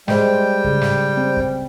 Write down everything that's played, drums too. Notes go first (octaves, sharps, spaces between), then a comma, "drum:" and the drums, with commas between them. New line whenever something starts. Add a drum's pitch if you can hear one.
G3 G#3 C5 G5, drum: snare
C#3, drum: kick
drum: snare
C4
drum: kick